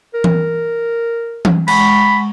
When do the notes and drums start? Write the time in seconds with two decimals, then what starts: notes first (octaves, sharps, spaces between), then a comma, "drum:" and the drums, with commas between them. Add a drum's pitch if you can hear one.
0.14 A#4
0.24 drum: tom E3
1.45 drum: tom E3
1.68 G#3 F#5 B5 C#6, drum: cymbal